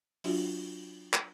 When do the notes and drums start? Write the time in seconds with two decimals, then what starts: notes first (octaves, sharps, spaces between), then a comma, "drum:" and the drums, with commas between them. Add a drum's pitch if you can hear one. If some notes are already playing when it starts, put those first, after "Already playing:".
0.24 F#3 D4 F4 F#4, drum: open hi-hat
1.13 drum: clap